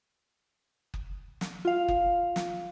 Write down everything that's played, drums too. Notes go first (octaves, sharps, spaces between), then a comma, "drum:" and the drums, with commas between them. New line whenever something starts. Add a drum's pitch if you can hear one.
drum: kick F#1
drum: snare
F4 F5
drum: kick F#1
drum: snare